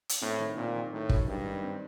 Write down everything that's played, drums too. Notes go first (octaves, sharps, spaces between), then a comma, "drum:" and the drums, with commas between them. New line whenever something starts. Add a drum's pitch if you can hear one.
drum: hi-hat
A2 C4
D#3
A#2 C4
D#3
A2 D#3
F#2, drum: kick
G2 D#3
D#3
C4